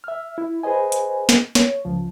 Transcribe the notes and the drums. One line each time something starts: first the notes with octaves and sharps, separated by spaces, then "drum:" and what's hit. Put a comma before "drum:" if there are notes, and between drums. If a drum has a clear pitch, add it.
E5 F6
E4
G#4 B4 C5 D#5 G#5
drum: hi-hat
drum: snare
C#5, drum: snare
C#2 F3